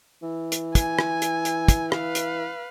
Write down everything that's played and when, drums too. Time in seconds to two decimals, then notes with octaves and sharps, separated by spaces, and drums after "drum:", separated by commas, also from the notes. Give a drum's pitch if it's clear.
0.22 E3
0.52 drum: hi-hat
0.75 G#5, drum: kick, hi-hat
0.99 drum: rim click
1.22 drum: hi-hat
1.45 drum: hi-hat
1.68 drum: kick, hi-hat
1.92 B4 F5, drum: rim click
2.15 drum: hi-hat